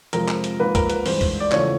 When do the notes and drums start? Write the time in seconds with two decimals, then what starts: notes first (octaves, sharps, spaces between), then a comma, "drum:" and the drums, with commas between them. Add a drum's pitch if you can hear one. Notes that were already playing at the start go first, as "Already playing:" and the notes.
0.13 F2 C3 F3 G#3 A#4, drum: hi-hat
0.28 drum: clap
0.44 drum: hi-hat
0.59 G#2 F3 A#3 B4
0.75 A#4, drum: kick C2, hi-hat
0.90 B4, drum: hi-hat
1.06 G2 E3 G#3 C5, drum: open hi-hat
1.21 drum: kick C2, open hi-hat
1.40 D5
1.52 E2 C#3 F3 A3 C#5, drum: clap